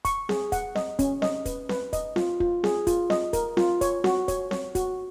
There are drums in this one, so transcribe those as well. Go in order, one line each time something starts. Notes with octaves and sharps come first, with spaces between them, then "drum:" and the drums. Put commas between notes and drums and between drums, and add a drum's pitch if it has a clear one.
C#6, drum: kick, hi-hat
G#4, drum: snare C4
F#5, drum: kick, hi-hat
D#5, drum: snare C4
C#4, drum: kick, hi-hat
D#5, drum: snare C4
B4, drum: kick, hi-hat
B4, drum: snare C4
D#5, drum: kick, hi-hat
F4, drum: snare C4
F4, drum: kick
G#4, drum: snare C4
F4, drum: kick, hi-hat
D#5, drum: snare C4
A#4, drum: kick, hi-hat
F4, drum: snare C4
C#5, drum: kick, hi-hat
F#4, drum: snare C4
C#5, drum: kick, hi-hat
C#5, drum: snare C4
F#4, drum: kick, hi-hat